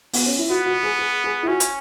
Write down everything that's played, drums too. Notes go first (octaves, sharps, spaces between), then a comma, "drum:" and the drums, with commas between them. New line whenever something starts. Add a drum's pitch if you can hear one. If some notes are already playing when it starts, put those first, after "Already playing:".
B3, drum: open hi-hat
C#4
E4
B3 F#4
F#4
G#4
G#4
G#4
E4
C#4 F#4
drum: hi-hat